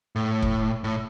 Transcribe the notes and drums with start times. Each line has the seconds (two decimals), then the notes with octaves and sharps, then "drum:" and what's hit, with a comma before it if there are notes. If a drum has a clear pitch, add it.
0.16 A2
0.42 drum: kick E1
0.84 A2